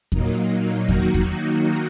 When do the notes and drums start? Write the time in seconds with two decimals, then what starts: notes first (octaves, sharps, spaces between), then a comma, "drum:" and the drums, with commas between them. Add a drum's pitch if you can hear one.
0.12 A#2 F#3 A#3 D#4, drum: kick E2
0.89 D#3 F#3 A#3 D#4 F#4, drum: kick E2
1.14 drum: kick E2